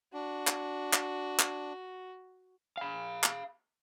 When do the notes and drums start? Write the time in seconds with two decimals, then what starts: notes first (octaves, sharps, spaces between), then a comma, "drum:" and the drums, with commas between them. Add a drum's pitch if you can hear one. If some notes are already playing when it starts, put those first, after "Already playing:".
0.14 D4 F#4
0.47 drum: clap
0.93 drum: clap
1.39 drum: clap
2.78 F5 B5
3.24 drum: clap